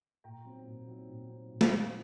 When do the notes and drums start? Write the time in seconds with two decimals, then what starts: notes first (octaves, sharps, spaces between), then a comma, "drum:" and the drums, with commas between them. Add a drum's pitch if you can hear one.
0.24 A#2 G5 A#5
0.45 F#3 C4 D#4
0.67 A#2
0.87 F#3 C4 D#4
1.08 A#2
1.29 F#3 C4 D#4
1.50 A#2
1.61 drum: snare
1.72 F#3 C4 D#4